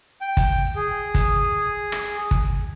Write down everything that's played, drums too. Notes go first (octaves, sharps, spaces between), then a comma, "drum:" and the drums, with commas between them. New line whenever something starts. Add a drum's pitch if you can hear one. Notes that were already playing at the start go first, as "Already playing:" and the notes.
G5
drum: kick, hi-hat
G#4
drum: kick, hi-hat
drum: rim click
drum: kick